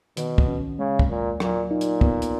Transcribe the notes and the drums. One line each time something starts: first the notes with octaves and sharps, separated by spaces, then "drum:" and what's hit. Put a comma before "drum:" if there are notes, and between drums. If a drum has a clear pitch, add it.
B2 D#3, drum: hi-hat
drum: kick
C#4
C#3 G#3
drum: kick
D#2 A#2
A#2 F#3, drum: rim click
A#2 D#4
drum: hi-hat
B3, drum: kick
drum: hi-hat